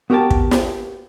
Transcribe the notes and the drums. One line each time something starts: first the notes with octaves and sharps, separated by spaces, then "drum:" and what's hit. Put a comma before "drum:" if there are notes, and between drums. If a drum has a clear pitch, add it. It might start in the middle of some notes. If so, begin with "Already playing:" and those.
B3 F#4 G4 A#4 G5 A5
drum: kick
drum: snare